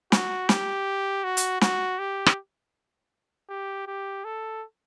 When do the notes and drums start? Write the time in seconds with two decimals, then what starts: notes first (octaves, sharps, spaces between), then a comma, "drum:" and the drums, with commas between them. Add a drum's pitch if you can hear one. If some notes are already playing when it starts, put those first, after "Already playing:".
0.12 F#4, drum: snare
0.49 G4, drum: snare
1.24 F#4
1.37 drum: hi-hat
1.61 F#4, drum: snare
1.99 G4
2.26 drum: rim click
3.50 G4
3.87 G4
4.25 A4